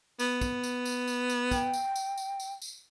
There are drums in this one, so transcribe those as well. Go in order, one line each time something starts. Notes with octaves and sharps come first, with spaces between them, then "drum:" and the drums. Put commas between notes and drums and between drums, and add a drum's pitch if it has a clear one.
B3, drum: tambourine
drum: kick, tambourine
drum: tambourine
drum: tambourine
drum: tambourine
drum: tambourine
G5, drum: kick, tambourine
drum: tambourine
drum: tambourine
drum: tambourine
drum: tambourine
drum: tambourine